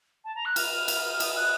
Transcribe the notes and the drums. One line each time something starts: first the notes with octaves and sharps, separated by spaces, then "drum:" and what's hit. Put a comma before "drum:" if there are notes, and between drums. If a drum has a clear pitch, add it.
A5
A#5
F#6
F6, drum: cymbal
drum: cymbal
D#6, drum: cymbal
F#6